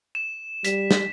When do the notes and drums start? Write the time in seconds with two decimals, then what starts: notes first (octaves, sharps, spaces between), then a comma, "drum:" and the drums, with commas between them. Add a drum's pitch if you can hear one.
0.15 E7
0.65 G3 B6, drum: hi-hat
0.91 drum: snare